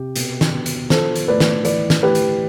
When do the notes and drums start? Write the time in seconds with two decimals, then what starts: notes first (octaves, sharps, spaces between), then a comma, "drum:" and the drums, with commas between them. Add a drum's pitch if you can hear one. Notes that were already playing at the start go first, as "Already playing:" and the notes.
Already playing: C3 G4
0.16 B2, drum: hi-hat
0.41 drum: snare
0.53 B2
0.66 drum: hi-hat
0.90 F3 A4 C5, drum: snare
1.16 drum: hi-hat
1.28 A2 B4 D5
1.40 drum: snare
1.65 E3 B4 D5, drum: hi-hat
1.90 drum: snare
2.02 A2 G4 B4
2.15 drum: hi-hat